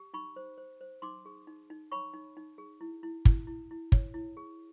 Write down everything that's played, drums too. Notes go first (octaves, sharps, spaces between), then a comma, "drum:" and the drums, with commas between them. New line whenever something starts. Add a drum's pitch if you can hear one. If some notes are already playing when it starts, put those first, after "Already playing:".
Already playing: G4
D#4 B5 C#6
C5
C5
C5
D#4 C6 D6
G#4
D#4
D#4
C#5 B5 C#6
D#4
D#4
G#4
E4
E4
E4, drum: kick
E4
E4
C#5, drum: kick
E4
G#4